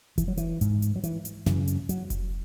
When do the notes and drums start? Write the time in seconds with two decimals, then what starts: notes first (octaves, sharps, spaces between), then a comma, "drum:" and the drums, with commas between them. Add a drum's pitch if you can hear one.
0.18 E3, drum: kick F1, hi-hat
0.28 F#3
0.37 E3, drum: hi-hat
0.61 G#2, drum: hi-hat
0.82 drum: hi-hat
0.96 F#3
1.04 E3, drum: hi-hat
1.25 drum: hi-hat
1.46 F#2 C#3 E3, drum: snare
1.68 drum: hi-hat
1.89 F#3, drum: hi-hat
2.10 drum: kick F1, hi-hat